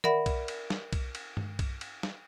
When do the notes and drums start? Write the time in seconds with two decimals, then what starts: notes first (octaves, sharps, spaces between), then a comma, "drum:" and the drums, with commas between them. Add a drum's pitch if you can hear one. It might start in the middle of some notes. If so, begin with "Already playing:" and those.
0.04 A#4 D5 E5 F#5 B5, drum: tom D#3
0.26 drum: kick B1, cymbal
0.48 drum: cymbal
0.70 drum: snare
0.93 drum: kick B1, cymbal
1.15 drum: cymbal
1.37 drum: tom G2
1.59 drum: kick B1, cymbal
1.81 drum: cymbal
2.03 drum: snare